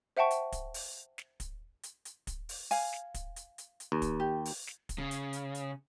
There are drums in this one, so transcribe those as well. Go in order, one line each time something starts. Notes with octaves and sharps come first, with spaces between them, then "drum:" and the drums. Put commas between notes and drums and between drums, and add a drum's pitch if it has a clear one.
C5 E5 F#5 G5 A5 C#6
drum: hi-hat
drum: kick, hi-hat
drum: open hi-hat
drum: snare
drum: kick, hi-hat
drum: hi-hat
drum: hi-hat
drum: kick, hi-hat
drum: open hi-hat
F5 G#5, drum: open hi-hat
drum: snare
drum: kick, hi-hat
drum: hi-hat
drum: hi-hat
drum: hi-hat
D#2
drum: kick, hi-hat
G4
drum: open hi-hat
drum: snare
drum: kick, hi-hat
C#3
drum: hi-hat
drum: hi-hat
drum: hi-hat